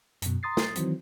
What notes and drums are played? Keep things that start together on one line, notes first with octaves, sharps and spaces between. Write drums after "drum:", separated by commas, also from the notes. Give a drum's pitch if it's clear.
F#2 B2, drum: hi-hat
A#5 C6 D#6 A6 C7
drum: snare
D#3 E3 F#3 C4, drum: hi-hat